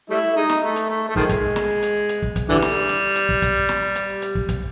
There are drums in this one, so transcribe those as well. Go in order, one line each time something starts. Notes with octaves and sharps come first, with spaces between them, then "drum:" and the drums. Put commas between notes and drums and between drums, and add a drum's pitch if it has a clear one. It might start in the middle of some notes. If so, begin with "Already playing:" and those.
G3 A3 E4
G#3 D#4
drum: snare
A3
drum: hi-hat
A3
A3
D#3 F3 G#3, drum: kick
drum: kick, hi-hat
drum: snare
drum: hi-hat
drum: hi-hat
drum: kick
drum: kick, hi-hat
D3 E3 G3
drum: snare
drum: hi-hat
drum: hi-hat
drum: kick
drum: kick, hi-hat
drum: snare
drum: hi-hat
drum: hi-hat
drum: kick
drum: kick, hi-hat